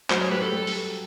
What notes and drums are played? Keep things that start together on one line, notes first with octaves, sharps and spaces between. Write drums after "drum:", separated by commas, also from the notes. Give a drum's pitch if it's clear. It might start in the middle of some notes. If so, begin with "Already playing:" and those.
F#3 C5, drum: clap
C#5
G3 B4
A4
G3
drum: open hi-hat